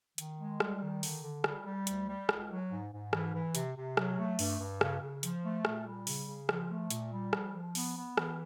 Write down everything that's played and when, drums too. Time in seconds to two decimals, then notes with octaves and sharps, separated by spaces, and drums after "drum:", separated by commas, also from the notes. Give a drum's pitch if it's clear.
0.18 D#3, drum: hi-hat
0.39 G#3
0.60 G3, drum: rim click
0.82 D#3
1.03 D3, drum: open hi-hat
1.23 D3
1.44 G3, drum: rim click
1.65 G3
1.87 D2, drum: hi-hat
2.08 G3
2.29 C#2, drum: rim click
2.50 F#3
2.71 G#2
2.91 G#2
3.13 E3, drum: rim click
3.34 E3
3.55 C3, drum: hi-hat
3.76 C3
3.97 F#3, drum: rim click
4.18 A3
4.39 G2, drum: open hi-hat
4.60 G2
4.81 C#3, drum: rim click
5.02 C#3
5.23 F3, drum: hi-hat
5.43 A3
5.65 A#2, drum: rim click
5.85 G3
6.07 C#3, drum: open hi-hat
6.28 C#3
6.49 F3, drum: rim click
6.70 A3
6.90 A#2, drum: hi-hat
7.13 G3
7.33 F3, drum: rim click
7.54 F3
7.75 B3, drum: open hi-hat
7.96 B3
8.17 E3, drum: rim click